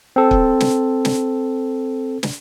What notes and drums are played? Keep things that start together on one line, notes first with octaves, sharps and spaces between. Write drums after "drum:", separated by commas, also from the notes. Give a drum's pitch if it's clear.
C4 A4
drum: kick
drum: snare
drum: snare
drum: snare